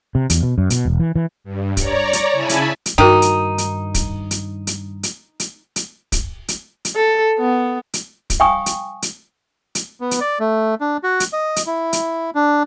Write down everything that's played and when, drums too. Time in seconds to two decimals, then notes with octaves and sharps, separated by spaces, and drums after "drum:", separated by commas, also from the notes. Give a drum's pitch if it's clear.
0.15 C3
0.30 E2, drum: hi-hat
0.43 B2
0.58 F#2
0.70 B2, drum: hi-hat
0.85 E1
1.00 E3
1.15 E3
1.44 G2
1.77 C#5 D5 A#5, drum: kick, hi-hat
2.13 drum: hi-hat
2.33 C#3 E4 G#5 A5 B5
2.49 drum: hi-hat
2.86 drum: hi-hat
2.98 G2 D#3 D#4 F#4 A#4 G5
3.22 drum: hi-hat
3.58 drum: hi-hat
3.94 drum: kick, hi-hat
4.31 drum: hi-hat
4.67 drum: hi-hat
5.03 drum: hi-hat
5.40 drum: hi-hat
5.76 drum: hi-hat
6.12 drum: kick, hi-hat
6.48 drum: hi-hat
6.85 drum: hi-hat
6.96 A4
7.39 B3
7.94 drum: hi-hat
8.30 drum: kick, hi-hat
8.40 F5 G5 G#5 C#6 D#6
8.66 drum: hi-hat
9.02 drum: hi-hat
9.75 drum: hi-hat
10.01 B3
10.11 drum: hi-hat
10.21 D5
10.40 A3
10.81 D4
11.03 F#4
11.20 drum: hi-hat
11.33 D#5
11.56 drum: hi-hat
11.67 E4
11.93 drum: hi-hat
12.35 D4